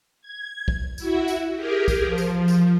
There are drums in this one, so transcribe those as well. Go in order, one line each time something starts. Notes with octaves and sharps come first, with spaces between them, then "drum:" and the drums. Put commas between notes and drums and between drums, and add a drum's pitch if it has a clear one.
G#6
drum: kick
E4 F#4 E5, drum: tambourine
drum: tambourine
G4 G#4 A#4
drum: kick, tambourine
F3
drum: tambourine
drum: tambourine